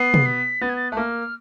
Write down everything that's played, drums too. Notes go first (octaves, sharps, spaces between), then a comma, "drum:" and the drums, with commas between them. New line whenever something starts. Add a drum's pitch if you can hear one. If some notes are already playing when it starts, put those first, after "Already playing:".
Already playing: B3 C7
drum: tom
B6
B3 A6
G#6
A6
A3 F#6
A#3 F6